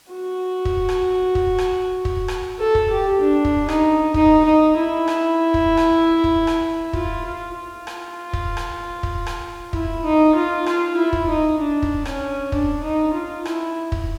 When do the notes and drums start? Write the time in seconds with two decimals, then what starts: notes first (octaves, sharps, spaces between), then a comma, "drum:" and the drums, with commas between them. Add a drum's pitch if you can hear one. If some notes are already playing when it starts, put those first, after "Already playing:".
0.11 F#4
0.65 drum: kick
0.89 drum: rim click
1.35 drum: kick
1.58 drum: rim click
2.05 drum: kick
2.28 drum: rim click
2.59 A4
2.75 drum: kick
2.90 G4
3.21 D4
3.45 drum: kick
3.68 D#4, drum: rim click
4.14 D#4, drum: kick
4.45 D#4
4.77 E4
5.08 drum: rim click
5.54 drum: kick
5.77 drum: rim click
6.24 drum: kick
6.47 drum: rim click
6.93 F4, drum: kick
7.25 F4
7.56 F4
7.87 drum: rim click
8.33 drum: kick
8.57 drum: rim click
9.03 drum: kick
9.26 drum: rim click
9.73 E4, drum: kick
10.04 D#4
10.35 F4
10.66 F4, drum: rim click
10.97 E4
11.13 drum: kick
11.28 D#4
11.60 D4
11.82 drum: kick
12.05 C#4, drum: rim click
12.52 D4, drum: kick
12.83 D#4
13.14 F4
13.45 E4, drum: rim click
13.92 drum: kick